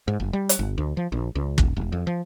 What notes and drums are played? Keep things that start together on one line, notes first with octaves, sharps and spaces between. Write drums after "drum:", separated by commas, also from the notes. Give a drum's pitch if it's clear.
G#2
F#1
G3
drum: hi-hat
G1
D2
F3
A#1
C#2
D#1, drum: kick
E1
F2
F3